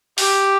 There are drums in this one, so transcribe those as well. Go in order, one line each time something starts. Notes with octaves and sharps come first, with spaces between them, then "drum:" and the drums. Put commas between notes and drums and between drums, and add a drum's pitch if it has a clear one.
G4, drum: open hi-hat